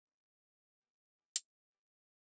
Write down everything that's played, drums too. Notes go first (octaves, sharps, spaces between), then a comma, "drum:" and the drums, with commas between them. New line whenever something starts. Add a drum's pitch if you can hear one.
B3 C4 D4 D#4 B4 C#5
A#3 B3 G4 G5
E4 G#4 D5 E5
A#3 D4, drum: hi-hat
G4 B4 D5 G5 A5
E5